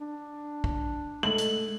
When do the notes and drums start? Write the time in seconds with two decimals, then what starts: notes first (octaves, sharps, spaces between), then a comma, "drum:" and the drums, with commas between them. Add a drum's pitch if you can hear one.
0.01 D4
0.64 drum: kick
1.23 G#3 A3 A4 F#7
1.38 drum: hi-hat